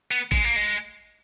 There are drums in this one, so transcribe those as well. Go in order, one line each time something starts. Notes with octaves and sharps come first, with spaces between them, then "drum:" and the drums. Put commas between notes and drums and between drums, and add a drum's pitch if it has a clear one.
B3
G#3, drum: kick A1
A#3
G#3